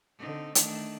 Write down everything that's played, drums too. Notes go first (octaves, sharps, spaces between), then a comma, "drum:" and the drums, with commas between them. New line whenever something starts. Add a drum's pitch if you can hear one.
D3 C4 D#4
D#3 A3 D4, drum: hi-hat